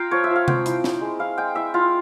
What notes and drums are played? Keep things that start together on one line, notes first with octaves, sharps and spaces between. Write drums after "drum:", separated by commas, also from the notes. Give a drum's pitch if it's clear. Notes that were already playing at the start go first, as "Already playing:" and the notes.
Already playing: F4 F5 G5 A#5
F3 C#5
E5
F3
F5
C4 G5, drum: tom C3
E4, drum: hi-hat
E4, drum: snare
G#3
E4 F5
G#3 G5
E4 E5
E4 F4